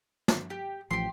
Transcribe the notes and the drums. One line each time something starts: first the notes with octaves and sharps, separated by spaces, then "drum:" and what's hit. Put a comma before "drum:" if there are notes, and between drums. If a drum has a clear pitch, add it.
drum: snare
G4
A1 F3 G4 C6